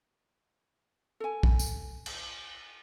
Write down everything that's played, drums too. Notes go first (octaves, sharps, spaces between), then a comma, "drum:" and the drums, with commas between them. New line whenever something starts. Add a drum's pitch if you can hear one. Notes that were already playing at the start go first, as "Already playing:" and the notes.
A4 G#5
drum: kick
drum: tambourine
drum: cymbal